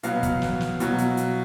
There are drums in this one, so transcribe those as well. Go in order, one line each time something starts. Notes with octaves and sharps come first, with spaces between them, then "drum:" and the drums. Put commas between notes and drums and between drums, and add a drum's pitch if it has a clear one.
B2 F#3 B3 F5, drum: hi-hat
drum: kick, hi-hat
drum: snare
drum: snare
B2 F#3, drum: hi-hat
drum: hi-hat
drum: hi-hat